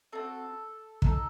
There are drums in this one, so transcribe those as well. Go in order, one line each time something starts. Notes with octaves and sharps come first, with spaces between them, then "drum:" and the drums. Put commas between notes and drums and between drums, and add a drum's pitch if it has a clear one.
C4 D#4 F#4 A4
D#4 A4, drum: kick